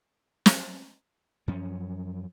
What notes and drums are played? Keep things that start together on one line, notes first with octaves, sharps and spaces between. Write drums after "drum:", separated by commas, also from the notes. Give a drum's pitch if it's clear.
drum: snare
F#2 F3 C#4